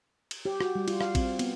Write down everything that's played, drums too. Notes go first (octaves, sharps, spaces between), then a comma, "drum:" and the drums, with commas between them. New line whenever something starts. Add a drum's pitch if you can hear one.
drum: cymbal
G4
F#4, drum: rim click
G3
F4, drum: cymbal
F5, drum: rim click
C4, drum: kick A1, cymbal
B3, drum: cymbal